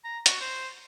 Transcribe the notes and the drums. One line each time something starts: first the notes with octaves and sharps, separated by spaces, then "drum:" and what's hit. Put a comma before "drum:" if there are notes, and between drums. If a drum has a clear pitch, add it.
A#5
F#4, drum: hi-hat
C5